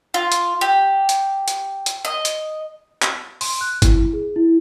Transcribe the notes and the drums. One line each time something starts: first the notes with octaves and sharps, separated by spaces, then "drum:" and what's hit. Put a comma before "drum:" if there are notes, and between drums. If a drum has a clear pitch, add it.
F4
drum: hi-hat
G4
drum: hi-hat
drum: hi-hat
drum: hi-hat
D#5
drum: hi-hat
drum: clap
C6, drum: open hi-hat
F#6
E4, drum: kick G1, hi-hat
G#4
E4